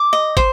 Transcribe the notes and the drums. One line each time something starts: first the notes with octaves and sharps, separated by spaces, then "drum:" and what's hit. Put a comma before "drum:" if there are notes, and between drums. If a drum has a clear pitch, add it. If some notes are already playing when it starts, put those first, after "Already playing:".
Already playing: D6
D#5
C5, drum: kick, hi-hat